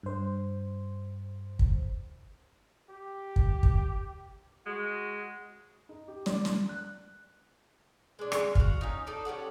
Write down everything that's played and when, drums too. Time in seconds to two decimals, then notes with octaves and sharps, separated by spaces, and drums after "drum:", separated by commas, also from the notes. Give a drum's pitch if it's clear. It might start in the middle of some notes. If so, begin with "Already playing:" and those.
0.03 G2 C5
1.59 drum: kick
2.90 G4
3.36 drum: kick
3.63 drum: kick
4.66 G#3 F#4
5.89 D#4
6.08 G4
6.26 D5, drum: snare
6.45 drum: snare
6.69 F#6
8.19 G#3 D4
8.32 G#3, drum: rim click
8.55 F#4 F5, drum: kick
8.81 C#4 D#4
9.07 D4 D#4 A4
9.25 G3 C#4 A4 F#5